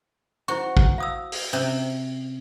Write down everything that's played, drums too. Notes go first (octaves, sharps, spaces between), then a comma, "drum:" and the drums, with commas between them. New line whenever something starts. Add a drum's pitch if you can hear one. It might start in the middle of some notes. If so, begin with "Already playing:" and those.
E4 F#4 C5 C#6
drum: kick
F5 D#6 E6
drum: open hi-hat
C3 C#4